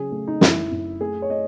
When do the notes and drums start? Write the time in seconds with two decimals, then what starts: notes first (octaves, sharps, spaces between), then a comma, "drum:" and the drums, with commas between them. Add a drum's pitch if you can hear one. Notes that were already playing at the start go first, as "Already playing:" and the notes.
Already playing: C#3 F#3 G#4
0.12 A3
0.28 D#4
0.41 F#2 E4, drum: snare
0.71 F#2
1.01 A3 G#4
1.22 C#5
1.30 A3 D#5